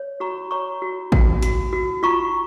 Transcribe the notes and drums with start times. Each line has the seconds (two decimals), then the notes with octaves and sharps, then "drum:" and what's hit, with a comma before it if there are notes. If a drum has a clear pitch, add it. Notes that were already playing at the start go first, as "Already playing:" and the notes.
Already playing: C#5
0.20 F#4 A#5 C#6
0.51 C#5 A#5 C#6
0.82 F#4
1.12 F#4, drum: kick A1
1.42 F#4, drum: hi-hat
1.73 F#4
2.03 F4 A#5 C#6